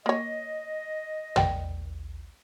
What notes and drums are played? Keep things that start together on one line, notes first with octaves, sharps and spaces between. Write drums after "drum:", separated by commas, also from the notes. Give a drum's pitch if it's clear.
A#3 C#5 D#5
D5 G5, drum: tom